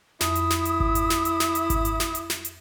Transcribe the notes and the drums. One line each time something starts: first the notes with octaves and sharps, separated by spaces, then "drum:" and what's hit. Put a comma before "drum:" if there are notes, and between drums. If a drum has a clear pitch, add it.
F2 E4 D#6, drum: snare
drum: hi-hat
drum: snare
drum: hi-hat
drum: kick G#1
drum: hi-hat
drum: snare
drum: hi-hat
drum: snare
drum: hi-hat
drum: kick G#1, hi-hat
drum: hi-hat
drum: snare
drum: hi-hat
drum: snare
drum: hi-hat